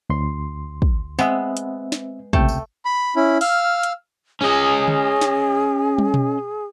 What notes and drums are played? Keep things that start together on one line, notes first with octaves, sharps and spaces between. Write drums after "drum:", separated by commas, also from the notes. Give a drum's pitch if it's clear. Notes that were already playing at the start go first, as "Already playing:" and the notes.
D2 C6
drum: kick
G#3 B3 C4 E5, drum: tambourine
drum: hi-hat
drum: snare
C#2 C3 A3 G5, drum: kick
drum: tambourine
B5
C#4 E4 B5
F5 E6 F6, drum: open hi-hat
drum: hi-hat
C#4 G#4 D#5
drum: tom D3
drum: snare
drum: tom
drum: tom B2